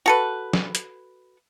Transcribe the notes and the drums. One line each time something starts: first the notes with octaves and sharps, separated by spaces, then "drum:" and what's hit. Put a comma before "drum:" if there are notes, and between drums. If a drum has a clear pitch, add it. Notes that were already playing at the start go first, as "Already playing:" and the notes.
F#4 A4 B4
drum: snare
drum: hi-hat